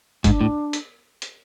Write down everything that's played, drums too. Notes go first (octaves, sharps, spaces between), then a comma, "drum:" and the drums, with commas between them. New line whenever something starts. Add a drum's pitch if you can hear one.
G#2 D4, drum: kick, hi-hat
A2
drum: hi-hat
drum: hi-hat